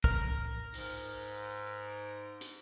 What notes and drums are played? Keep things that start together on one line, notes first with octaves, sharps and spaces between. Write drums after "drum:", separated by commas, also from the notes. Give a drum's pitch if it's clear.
A#4, drum: kick
G#2, drum: open hi-hat
drum: hi-hat